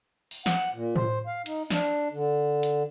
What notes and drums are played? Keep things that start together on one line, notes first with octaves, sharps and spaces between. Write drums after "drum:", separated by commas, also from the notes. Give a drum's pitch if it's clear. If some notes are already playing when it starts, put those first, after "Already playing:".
drum: open hi-hat
F#5, drum: snare
A#2
C5, drum: tom A2
F5
D#4, drum: cymbal
D4, drum: snare
D3
drum: hi-hat